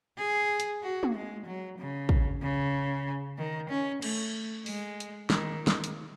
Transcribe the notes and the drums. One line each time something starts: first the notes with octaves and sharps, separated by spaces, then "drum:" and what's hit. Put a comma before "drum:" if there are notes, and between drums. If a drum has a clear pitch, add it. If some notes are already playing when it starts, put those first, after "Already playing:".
G#4
drum: hi-hat
F#4
drum: tom
G#3
F#3
C#3
drum: kick
C#3
D#3
C#4
A3, drum: cymbal
G#3, drum: open hi-hat
drum: hi-hat
D#3, drum: snare
drum: snare
drum: hi-hat